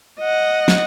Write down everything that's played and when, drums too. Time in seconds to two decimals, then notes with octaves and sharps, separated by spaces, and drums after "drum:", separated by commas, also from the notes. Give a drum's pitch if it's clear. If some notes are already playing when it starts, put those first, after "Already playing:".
0.20 D#5 F#5
0.68 drum: snare